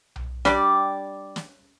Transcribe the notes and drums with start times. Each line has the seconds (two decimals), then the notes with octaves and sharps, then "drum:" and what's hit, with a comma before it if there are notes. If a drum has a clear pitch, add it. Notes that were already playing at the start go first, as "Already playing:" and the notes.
0.16 drum: tom B1
0.45 G3 D4 G4 D5, drum: snare
1.36 drum: snare